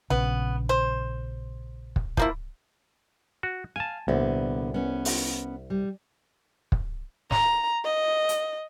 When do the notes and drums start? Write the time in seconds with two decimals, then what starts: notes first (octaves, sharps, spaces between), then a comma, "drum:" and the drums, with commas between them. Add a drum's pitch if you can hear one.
0.10 A#1 C#3 B3
0.69 C5
1.96 drum: kick
2.17 F3 A#3 E4, drum: kick
3.43 F#4
3.76 F5 G#5 A5
4.08 C2 A#2 D3 B3
4.74 B3 C#4
5.05 drum: open hi-hat
5.70 G3
6.72 drum: kick
7.31 A#5, drum: snare
7.84 D#5
8.29 drum: hi-hat